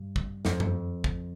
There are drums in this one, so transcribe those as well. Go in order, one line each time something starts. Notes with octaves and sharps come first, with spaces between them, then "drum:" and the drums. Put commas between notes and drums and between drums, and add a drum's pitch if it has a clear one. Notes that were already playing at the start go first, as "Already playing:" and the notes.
Already playing: G2
drum: kick
F2, drum: snare
drum: tom F#2
drum: kick